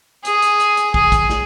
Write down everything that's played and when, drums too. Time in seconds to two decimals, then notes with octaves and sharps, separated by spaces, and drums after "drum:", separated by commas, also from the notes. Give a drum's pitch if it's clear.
0.25 G#4, drum: hi-hat
0.42 drum: hi-hat
0.60 drum: hi-hat
0.77 drum: hi-hat
0.94 G#4, drum: kick
1.12 drum: kick, hi-hat
1.29 drum: snare